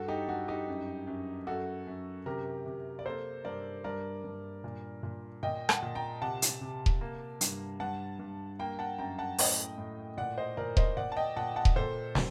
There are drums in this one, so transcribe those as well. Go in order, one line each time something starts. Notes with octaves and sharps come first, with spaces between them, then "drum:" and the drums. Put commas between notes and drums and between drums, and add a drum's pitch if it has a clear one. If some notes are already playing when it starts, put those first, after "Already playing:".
Already playing: G2 F#4 A4
D#4 G4
G2 F#4
D#4 G4
F#2
F#2
F#2 F#4 A4
F#2
C3 G4 A#4
C3
D5
A#3 A4 C5
G2 A#4 D5
G2 A#4 D5
G2
A#2
A#2
A#2 D#5 G5
F#5 A5, drum: rim click
A#2
G5 A#5
C3 F#5 A5
drum: hi-hat
C3
drum: kick D#1
A#3
G2, drum: hi-hat
G2 F#5 A5
G2
A#3 G5 A#5
F#5 A5
F#2 G5 A#5
F#5 A5
A2 D#5 G5, drum: open hi-hat
A2
A#2 D5 F#5
C5 D#5
A#2 A#4 D5
C5 D#5, drum: kick D#1
A#2 D5 F#5
A5
D#5 G5
A#2 F#5 A5
F#5 A5
drum: kick D#1
A#2 A4 C5
A#2, drum: snare